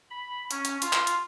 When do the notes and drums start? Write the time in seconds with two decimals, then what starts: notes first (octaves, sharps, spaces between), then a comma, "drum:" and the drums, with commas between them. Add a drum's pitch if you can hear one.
0.10 B5
0.51 C#4, drum: hi-hat
0.65 drum: hi-hat
0.82 F4, drum: hi-hat
0.93 drum: clap
1.07 drum: hi-hat